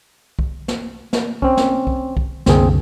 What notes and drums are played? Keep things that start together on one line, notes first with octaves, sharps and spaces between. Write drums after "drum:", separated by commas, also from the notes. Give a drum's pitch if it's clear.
drum: kick B1
drum: snare
drum: snare
C4 C#4, drum: kick B1
drum: snare
drum: kick B1
drum: kick B1
C2 F#2 D3 C4 G#4, drum: snare